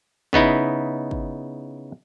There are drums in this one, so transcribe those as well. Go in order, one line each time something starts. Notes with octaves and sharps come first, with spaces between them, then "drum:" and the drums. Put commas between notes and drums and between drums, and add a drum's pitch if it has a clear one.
C#3 B3 D#4 E4, drum: kick
drum: kick